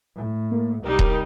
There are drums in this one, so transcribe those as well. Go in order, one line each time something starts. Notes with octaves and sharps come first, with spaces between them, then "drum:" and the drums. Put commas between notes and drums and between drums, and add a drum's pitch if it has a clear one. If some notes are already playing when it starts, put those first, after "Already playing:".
A2
A#3
C2 G3 D#4 G4 A#4
drum: kick D#1